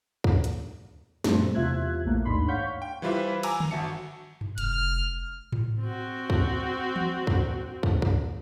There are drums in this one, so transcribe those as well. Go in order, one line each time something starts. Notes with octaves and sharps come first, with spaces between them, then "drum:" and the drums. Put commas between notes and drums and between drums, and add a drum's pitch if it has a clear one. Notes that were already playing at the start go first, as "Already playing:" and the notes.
drum: kick
drum: hi-hat
F#2 A#2 F3 G3 A3 C4, drum: snare
E2 C3 F4 E5 F#6 G#6
A#1 A2 A3 A#3
D#2 G#2 D4 B5 C6
C#5 F5 F#5 C#6 G6 B6
G5
E3 G3 F4 B4 C5 E5
G#5 A#5 D6 E6, drum: cymbal
drum: tom D3
G1 F#4 E5 A5 C#7
drum: tom G2
F1 F6, drum: hi-hat
drum: tom G#2
C4 F#4
drum: kick
drum: tom E3
drum: kick
drum: kick
drum: kick